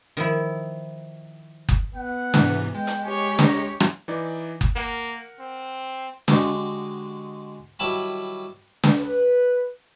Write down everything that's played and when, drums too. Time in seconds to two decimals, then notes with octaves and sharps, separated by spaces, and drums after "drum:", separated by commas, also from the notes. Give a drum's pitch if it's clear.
0.17 D#3 F3 E4
1.69 drum: kick F#1
1.96 B3 F#5
2.34 G#2 C3 E3, drum: snare
2.75 G#3 G5
2.87 drum: hi-hat
3.04 G4 C#5 G#5
3.39 A#5, drum: snare
3.80 drum: rim click
4.08 E3 D#4 D5
4.61 drum: kick F#1
4.76 A#3 A#4 F#5
5.40 C4
6.28 D3 G#3 D#4 F#4 G4, drum: snare
7.79 D#3 F#3 G3 E4 A5 B5
8.83 drum: snare
8.97 B4